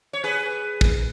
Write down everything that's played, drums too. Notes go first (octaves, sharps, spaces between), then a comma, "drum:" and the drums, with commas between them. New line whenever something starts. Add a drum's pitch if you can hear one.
C#5
G#4 B4
drum: kick